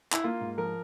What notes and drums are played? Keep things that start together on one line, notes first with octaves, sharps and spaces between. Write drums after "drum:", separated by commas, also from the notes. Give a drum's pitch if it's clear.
E4, drum: clap
A#3 F4
G#2
F3 A#4